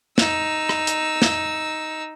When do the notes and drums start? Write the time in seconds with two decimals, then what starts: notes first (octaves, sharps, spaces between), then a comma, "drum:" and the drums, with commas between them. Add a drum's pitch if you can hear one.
0.18 D#4 E6, drum: snare
0.69 drum: rim click
0.87 drum: hi-hat
1.22 drum: snare